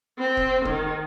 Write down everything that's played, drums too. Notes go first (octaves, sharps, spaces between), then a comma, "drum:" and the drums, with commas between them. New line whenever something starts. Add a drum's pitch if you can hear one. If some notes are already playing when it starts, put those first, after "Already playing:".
C4
drum: kick
D#3, drum: kick